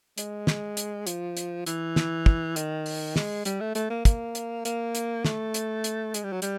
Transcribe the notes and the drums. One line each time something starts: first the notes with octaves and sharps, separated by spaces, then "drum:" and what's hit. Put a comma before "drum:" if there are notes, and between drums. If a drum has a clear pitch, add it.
G#3, drum: hi-hat
drum: snare
drum: hi-hat
F3, drum: hi-hat
drum: hi-hat
E3, drum: hi-hat
drum: snare
drum: kick
D#3, drum: hi-hat
drum: open hi-hat
G#3, drum: snare
G3, drum: hi-hat
A3
A3, drum: hi-hat
A#3
A#3, drum: kick, hi-hat
drum: hi-hat
A#3, drum: hi-hat
drum: hi-hat
A3, drum: snare
drum: hi-hat
drum: hi-hat
G#3, drum: hi-hat
G3
F#3
G3, drum: hi-hat